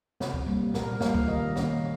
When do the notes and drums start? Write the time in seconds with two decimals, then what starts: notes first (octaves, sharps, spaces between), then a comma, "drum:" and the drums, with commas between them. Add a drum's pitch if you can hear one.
0.20 C3, drum: snare
0.34 drum: kick
0.47 G3 A#3
0.74 A#2 A#4, drum: snare
1.00 G3 A#3 F5, drum: snare
1.14 drum: kick
1.28 D#3 D#5
1.55 A#3 C#4, drum: snare